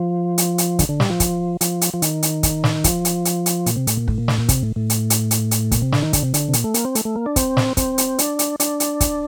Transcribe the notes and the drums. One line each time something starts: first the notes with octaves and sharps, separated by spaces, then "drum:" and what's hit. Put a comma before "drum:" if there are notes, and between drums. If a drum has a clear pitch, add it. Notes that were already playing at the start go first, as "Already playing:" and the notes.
Already playing: F3
drum: hi-hat
drum: hi-hat
D3, drum: kick, hi-hat
D3
G3, drum: snare
F3
drum: kick, hi-hat
F3, drum: hi-hat
drum: hi-hat
F3
D#3, drum: hi-hat
drum: hi-hat
drum: kick, hi-hat
drum: snare
F3, drum: kick, hi-hat
drum: hi-hat
drum: hi-hat
drum: hi-hat
A#2, drum: hi-hat
C3
A2, drum: hi-hat
A#2
A2, drum: kick
A#2
A2, drum: snare
A#2
C3, drum: kick, hi-hat
A2
A2
drum: hi-hat
drum: hi-hat
drum: hi-hat
drum: hi-hat
A#2, drum: kick, hi-hat
C3
D3, drum: snare
D#3
D3, drum: kick, hi-hat
C3
D3, drum: hi-hat
C3
A#2, drum: hi-hat
A3
A#3, drum: hi-hat
C4
A3, drum: hi-hat
A3
A#3
D4
C4, drum: kick, hi-hat
drum: snare
C4, drum: kick, hi-hat
drum: hi-hat
D4, drum: hi-hat
drum: hi-hat
D4, drum: hi-hat
drum: hi-hat
drum: kick, hi-hat